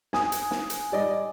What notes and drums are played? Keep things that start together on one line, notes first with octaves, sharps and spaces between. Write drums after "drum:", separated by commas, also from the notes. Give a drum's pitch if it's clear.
G#5 D#6, drum: snare
drum: hi-hat
drum: snare
drum: hi-hat
G3 D5 D#5